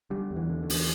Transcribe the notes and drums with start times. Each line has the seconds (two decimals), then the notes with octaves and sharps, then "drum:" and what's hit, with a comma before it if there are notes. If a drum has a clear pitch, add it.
0.10 D3 G3
0.31 E2
0.36 E3
0.50 D3
0.63 D3
0.70 E2, drum: open hi-hat